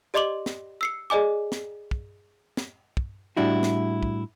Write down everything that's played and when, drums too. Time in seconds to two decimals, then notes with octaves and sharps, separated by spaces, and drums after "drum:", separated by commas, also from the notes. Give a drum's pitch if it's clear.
0.14 G4 D5 D#5 C6 D6 F#7
0.46 drum: snare
0.81 E6 C7 C#7
1.10 G#4 D5 D#5 G#5 D6
1.52 drum: snare
1.91 drum: kick
2.57 drum: snare
2.97 drum: kick
3.37 A2 G3 D4 E4 F#4
3.63 drum: snare
4.03 drum: kick